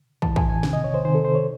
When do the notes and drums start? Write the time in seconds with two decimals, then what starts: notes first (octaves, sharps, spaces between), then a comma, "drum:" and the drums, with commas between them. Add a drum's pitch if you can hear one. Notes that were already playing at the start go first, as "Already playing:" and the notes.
0.22 A2 E3 A5, drum: kick
0.36 G#5, drum: kick
0.50 G#5
0.63 C3 D#3 G#5, drum: snare
0.73 D#5
0.84 C#5
0.94 C5
1.05 C3 D#3 C5
1.15 A4
1.25 C5
1.35 C#5